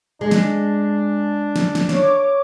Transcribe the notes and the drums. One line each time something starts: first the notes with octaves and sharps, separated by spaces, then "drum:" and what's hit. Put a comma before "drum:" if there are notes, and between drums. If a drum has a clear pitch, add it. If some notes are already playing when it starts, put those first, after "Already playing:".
G#3 D4
drum: snare
drum: snare
drum: snare
C#5 D6, drum: snare